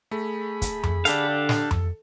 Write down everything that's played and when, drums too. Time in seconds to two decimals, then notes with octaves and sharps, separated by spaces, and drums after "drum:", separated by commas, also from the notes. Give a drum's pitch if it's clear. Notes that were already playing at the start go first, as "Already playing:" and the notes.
0.11 A3 G#4 B5
0.62 drum: kick, hi-hat
0.83 drum: tom F2
1.05 D3 D4 G4 A4 F5, drum: hi-hat
1.49 drum: snare
1.71 drum: tom F2